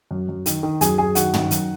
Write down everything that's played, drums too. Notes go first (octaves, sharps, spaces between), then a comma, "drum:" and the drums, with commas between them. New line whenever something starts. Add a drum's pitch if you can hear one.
F#2
F#2
D#3, drum: hi-hat
D#3
F#2 G#4 G#5, drum: hi-hat
F#2 G#4 G#5
D#3 F#4 F#5, drum: hi-hat
D#3, drum: tom
F#2, drum: hi-hat